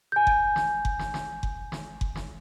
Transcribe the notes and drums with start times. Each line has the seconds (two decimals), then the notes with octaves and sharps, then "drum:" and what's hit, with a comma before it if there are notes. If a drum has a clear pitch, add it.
0.12 G#5 G6
0.27 drum: kick F#1
0.56 drum: snare
0.85 drum: kick F#1
0.99 drum: snare
1.14 drum: snare
1.43 drum: kick F#1
1.72 drum: snare
2.01 drum: kick F#1
2.15 drum: snare